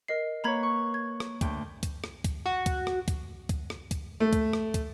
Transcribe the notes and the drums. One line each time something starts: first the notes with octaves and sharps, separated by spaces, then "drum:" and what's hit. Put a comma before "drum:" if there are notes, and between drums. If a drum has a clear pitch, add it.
A#4 D#5 C7
A#3 B4 C#5 A#5 B5 G#6
C#6
G#6
drum: rim click
D2 G5, drum: kick, hi-hat
drum: kick, hi-hat
drum: rim click
drum: kick, hi-hat
F#4
drum: kick, hi-hat
drum: rim click
drum: kick, hi-hat
drum: kick, hi-hat
drum: rim click
drum: kick, hi-hat
A3
drum: kick, hi-hat
drum: rim click
drum: kick, hi-hat